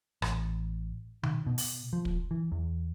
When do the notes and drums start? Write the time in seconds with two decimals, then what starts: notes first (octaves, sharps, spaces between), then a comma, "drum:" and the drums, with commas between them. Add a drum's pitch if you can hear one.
0.22 A1, drum: rim click
1.23 D#3, drum: tom B2
1.47 B2
1.58 drum: open hi-hat
1.93 F3
2.05 drum: kick
2.31 E3
2.52 E2